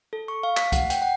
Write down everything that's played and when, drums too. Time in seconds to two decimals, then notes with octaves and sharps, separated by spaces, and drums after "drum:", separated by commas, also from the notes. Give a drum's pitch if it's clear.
0.13 A4
0.28 C#6
0.43 F5
0.57 B6, drum: clap
0.72 F#5, drum: kick C2, hi-hat
0.90 G5, drum: hi-hat
1.02 F#5